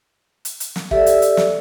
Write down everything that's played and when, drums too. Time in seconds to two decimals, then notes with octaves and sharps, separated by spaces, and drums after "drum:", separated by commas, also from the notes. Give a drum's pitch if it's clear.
0.45 drum: hi-hat
0.60 drum: hi-hat
0.76 drum: snare
0.91 G4 A4 D5 E5, drum: kick
1.06 drum: hi-hat
1.22 drum: hi-hat
1.37 drum: snare